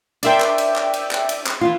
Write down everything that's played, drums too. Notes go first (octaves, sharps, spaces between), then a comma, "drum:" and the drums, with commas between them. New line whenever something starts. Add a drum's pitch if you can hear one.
D4 A#4 C5 D5 E5 G5, drum: cymbal
drum: clap
drum: cymbal
drum: clap
drum: cymbal
drum: clap
drum: cymbal
drum: clap
E3 F4